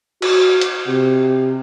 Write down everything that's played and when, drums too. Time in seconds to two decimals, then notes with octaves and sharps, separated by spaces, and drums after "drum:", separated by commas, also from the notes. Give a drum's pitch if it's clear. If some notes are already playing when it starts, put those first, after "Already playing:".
0.22 F#4, drum: cymbal
0.61 drum: hi-hat
0.88 C3